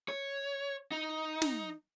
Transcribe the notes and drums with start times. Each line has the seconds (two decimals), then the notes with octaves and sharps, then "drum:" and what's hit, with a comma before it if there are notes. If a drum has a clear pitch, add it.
0.09 C#5
0.92 D#4
1.42 drum: snare